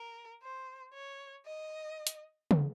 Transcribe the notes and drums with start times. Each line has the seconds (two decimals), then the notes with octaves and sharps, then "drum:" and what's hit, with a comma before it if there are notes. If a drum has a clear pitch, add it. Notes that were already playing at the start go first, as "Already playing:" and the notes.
Already playing: A#4
0.43 C5
0.94 C#5
1.45 D#5
2.07 drum: hi-hat
2.51 drum: tom C#3